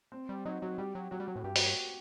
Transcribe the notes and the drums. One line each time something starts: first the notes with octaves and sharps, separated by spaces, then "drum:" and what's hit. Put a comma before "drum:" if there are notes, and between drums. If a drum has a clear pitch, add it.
C4
G3
F#3 D#4
F#3 F#4
G3 G4
F#3
F#3 F#4
G3
F#3
A2
G2 G4
F#4, drum: open hi-hat
F#4